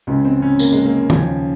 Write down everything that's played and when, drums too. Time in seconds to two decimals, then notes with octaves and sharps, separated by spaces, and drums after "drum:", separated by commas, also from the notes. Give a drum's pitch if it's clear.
0.07 C#2 C#3 G#3 C#4
0.25 C4
0.42 C#4
0.59 A#3, drum: tambourine
0.73 G#3
0.86 A#3
1.10 D#2 C#3 F3 C#4, drum: tom D#3